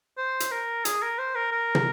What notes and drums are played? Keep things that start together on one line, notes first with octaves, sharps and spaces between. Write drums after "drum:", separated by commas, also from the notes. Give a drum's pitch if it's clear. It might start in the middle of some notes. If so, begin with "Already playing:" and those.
C5
drum: hi-hat
A#4
G#4, drum: hi-hat
A#4
C5
A#4
A#4
drum: tom